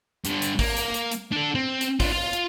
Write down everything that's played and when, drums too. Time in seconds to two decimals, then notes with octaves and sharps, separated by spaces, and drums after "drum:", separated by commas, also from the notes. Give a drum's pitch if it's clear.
0.25 G2 D3, drum: hi-hat
0.42 drum: hi-hat
0.59 A#3, drum: kick, open hi-hat
0.77 drum: hi-hat
0.94 drum: hi-hat
1.12 drum: hi-hat
1.32 D4 A4
1.55 C4
1.81 drum: hi-hat
2.00 D4 F4, drum: kick, open hi-hat
2.12 F4 F5
2.33 drum: hi-hat